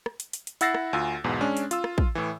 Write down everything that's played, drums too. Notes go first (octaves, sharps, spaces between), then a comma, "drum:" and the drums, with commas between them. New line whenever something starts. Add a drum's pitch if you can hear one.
drum: rim click
drum: hi-hat
drum: hi-hat
drum: hi-hat
E4 F#5 E6 A6 A#6 C7, drum: hi-hat
drum: rim click
D2 F4 G#5 E6
B1 E2 G#2 B2
G#3 C#4 D4
drum: hi-hat
F4 E6, drum: hi-hat
drum: rim click
drum: kick
A2 E3